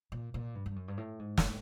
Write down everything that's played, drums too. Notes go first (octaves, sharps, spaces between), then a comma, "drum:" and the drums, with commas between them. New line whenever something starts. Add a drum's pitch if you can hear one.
A#2
A#2
G2
G2
F#2
G2
A2
G#2
drum: snare